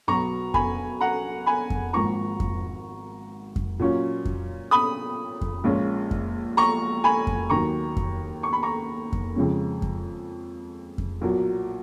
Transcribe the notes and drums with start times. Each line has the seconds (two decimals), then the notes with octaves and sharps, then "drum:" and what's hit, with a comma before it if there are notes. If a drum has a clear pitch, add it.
0.07 B1 B2 F#3 B3 A#5 C#6
0.54 G#5 B5, drum: kick F2
1.01 F#5 A#5
1.46 G#5 B5
1.70 drum: kick F2
1.93 G#1 G#2 F3 A#3 A#5 C#6
2.40 drum: kick F2
3.56 drum: kick F2
3.79 A#2 F#3 C#4 F4
4.25 drum: kick F2
4.71 B5 D#6
5.41 drum: kick F2
5.64 A#1 A#2 G#3 C#4 F4
6.11 drum: kick F2
6.57 A#5 C#6
7.04 G#5 B5
7.27 drum: kick F2
7.50 D#2 D#3 F#3 A#5 C#6
7.97 drum: kick F2
8.43 C#6
8.53 B5
8.63 A#5 C#6
9.13 drum: kick F2
9.35 F2 C#3 F3 G#3 C#4
9.82 drum: kick F2
10.98 drum: kick F2
11.21 B1 A#2 F#3 A#3